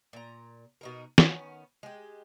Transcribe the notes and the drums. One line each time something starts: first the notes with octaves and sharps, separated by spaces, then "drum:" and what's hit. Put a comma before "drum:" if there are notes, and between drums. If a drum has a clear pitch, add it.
A#2 A#5
B2 D#4 A#4
D#3 B3 C#4, drum: snare
G#3 G4